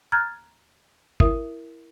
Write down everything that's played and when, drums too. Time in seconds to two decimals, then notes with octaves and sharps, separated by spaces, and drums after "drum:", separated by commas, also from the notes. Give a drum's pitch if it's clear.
0.12 A#5 F6 F#6 G#6 A6
1.20 E4 A#4 E5 D#6, drum: kick